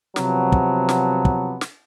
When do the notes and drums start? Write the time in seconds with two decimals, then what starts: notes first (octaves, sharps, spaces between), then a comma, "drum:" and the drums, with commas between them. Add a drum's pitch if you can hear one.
0.16 C3 F3 F#3 B3, drum: snare
0.52 drum: kick
0.89 drum: snare
1.25 drum: kick
1.61 drum: snare